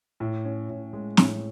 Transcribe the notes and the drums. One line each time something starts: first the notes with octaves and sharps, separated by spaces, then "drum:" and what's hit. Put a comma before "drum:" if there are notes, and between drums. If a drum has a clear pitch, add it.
A2
C#4
A2
G#3
A2, drum: snare